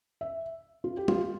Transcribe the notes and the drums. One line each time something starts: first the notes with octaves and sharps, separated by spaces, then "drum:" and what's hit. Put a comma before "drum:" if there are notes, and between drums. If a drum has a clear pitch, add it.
E5
F4
G4
F4, drum: tom